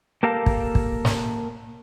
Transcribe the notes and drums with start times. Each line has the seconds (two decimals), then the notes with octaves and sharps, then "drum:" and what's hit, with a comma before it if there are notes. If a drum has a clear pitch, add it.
0.23 A#3 G4 A4 A#4 F5
0.46 drum: kick
0.75 drum: kick
1.05 drum: snare